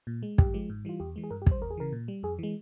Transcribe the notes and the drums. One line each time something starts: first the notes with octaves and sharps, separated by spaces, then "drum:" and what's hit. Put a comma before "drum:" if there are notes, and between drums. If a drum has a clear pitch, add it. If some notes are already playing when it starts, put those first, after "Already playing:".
A#2
G#3
G2 G4, drum: kick
F3 G#3
G#2
E3 G3 F4
E2 G4
E3 G#3
G#4
G2 A#4
G4
G3 C5, drum: kick
E2 A#4
G#4
C#3 E3 A#4
A#2
G3
F2 G#4
E3 G#3